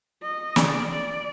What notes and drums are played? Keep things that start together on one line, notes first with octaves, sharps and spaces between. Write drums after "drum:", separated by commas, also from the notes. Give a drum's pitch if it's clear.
D#5
D5, drum: snare
D5